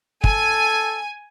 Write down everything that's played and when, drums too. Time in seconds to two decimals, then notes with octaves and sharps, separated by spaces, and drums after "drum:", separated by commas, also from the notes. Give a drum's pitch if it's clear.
0.24 A4 G#5, drum: kick